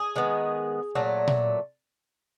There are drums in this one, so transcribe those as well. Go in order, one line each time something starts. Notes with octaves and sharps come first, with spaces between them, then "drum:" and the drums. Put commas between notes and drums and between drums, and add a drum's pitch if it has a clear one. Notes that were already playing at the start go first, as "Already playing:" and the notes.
Already playing: G#4
D#3 G#3 B3
A#2 F#3 A3
drum: tom A#2